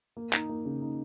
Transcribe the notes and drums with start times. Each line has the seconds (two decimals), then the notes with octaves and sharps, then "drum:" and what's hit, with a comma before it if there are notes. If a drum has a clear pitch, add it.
0.17 A#3
0.33 D#4, drum: clap
0.49 A#3
0.65 C#3
0.82 D#4